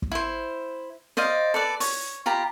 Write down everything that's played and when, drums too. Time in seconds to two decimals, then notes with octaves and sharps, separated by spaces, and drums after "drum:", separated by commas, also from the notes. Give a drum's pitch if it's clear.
0.02 drum: kick
0.11 E4 C5
1.17 C5 D5 D#5 F5, drum: snare
1.54 A4 B4 D5
1.80 C#5, drum: open hi-hat
2.26 F4 G4 A#5 B5